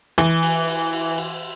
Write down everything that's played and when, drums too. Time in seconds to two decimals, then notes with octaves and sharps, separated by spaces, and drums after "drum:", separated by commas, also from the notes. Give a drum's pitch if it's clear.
0.18 E3, drum: rim click
0.43 drum: cymbal
0.68 drum: cymbal
0.93 drum: cymbal
1.18 drum: cymbal